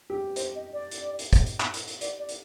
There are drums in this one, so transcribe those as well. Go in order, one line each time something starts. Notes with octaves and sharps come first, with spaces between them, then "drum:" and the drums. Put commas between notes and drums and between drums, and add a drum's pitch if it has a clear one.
G4
C5, drum: hi-hat
D#5
D5
drum: hi-hat
drum: hi-hat
drum: kick, hi-hat
drum: hi-hat
drum: clap
drum: hi-hat
drum: hi-hat
D5, drum: hi-hat
D5
drum: hi-hat